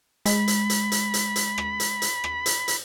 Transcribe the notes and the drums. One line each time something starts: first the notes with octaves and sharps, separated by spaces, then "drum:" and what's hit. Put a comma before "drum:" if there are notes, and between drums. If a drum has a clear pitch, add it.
G#3 B5, drum: hi-hat
drum: hi-hat
drum: hi-hat
drum: hi-hat
drum: hi-hat
drum: hi-hat
drum: rim click
drum: hi-hat
drum: hi-hat
drum: rim click
drum: hi-hat
drum: hi-hat